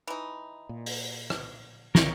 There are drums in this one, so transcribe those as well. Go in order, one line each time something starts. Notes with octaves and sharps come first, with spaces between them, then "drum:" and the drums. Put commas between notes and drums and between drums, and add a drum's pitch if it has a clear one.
E3 D#4
A#2
drum: open hi-hat
drum: rim click
D#3 A#4 C#5, drum: snare